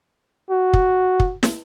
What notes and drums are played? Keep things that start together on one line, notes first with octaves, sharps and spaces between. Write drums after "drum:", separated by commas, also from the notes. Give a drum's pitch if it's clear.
F#4
drum: kick
drum: kick
drum: snare